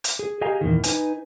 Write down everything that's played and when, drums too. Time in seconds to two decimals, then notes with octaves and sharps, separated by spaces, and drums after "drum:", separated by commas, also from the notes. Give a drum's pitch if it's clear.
0.04 drum: hi-hat
0.19 G#4
0.41 G4 G#4 D#5 F5 G#5 A#5
0.61 E2 A#2 D#3
0.84 D#4 B4 G#5, drum: hi-hat